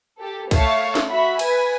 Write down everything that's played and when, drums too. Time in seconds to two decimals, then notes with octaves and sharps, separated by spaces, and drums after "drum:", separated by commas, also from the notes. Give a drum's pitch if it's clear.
0.19 G4 A4
0.51 A3 C#5 F5 A5 C#6, drum: kick, cymbal
0.95 drum: snare
1.09 F#4 E5 B5
1.39 B4 G#5, drum: cymbal